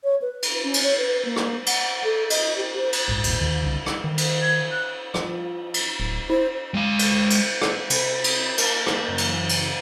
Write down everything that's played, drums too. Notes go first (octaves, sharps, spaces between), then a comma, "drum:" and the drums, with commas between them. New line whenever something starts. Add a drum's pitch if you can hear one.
C#5
B4
drum: cymbal
C#4
drum: cymbal
C#5
B4
A#3
drum: rim click
F#5, drum: cymbal
A4
D#5, drum: cymbal
G4
C5
drum: cymbal
A#1 G#2
G#1 D#2 A#2, drum: cymbal
D#2 D#3
C2 D3
drum: rim click
D#3
drum: cymbal
G#6
F#6
F3, drum: rim click
drum: cymbal
D1
E4 C5
G#3 F5
drum: cymbal
drum: cymbal
drum: rim click
C3 B5 B6, drum: cymbal
drum: cymbal
A#3 A5, drum: cymbal
drum: rim click
F#2 C#3 E3
drum: cymbal
drum: cymbal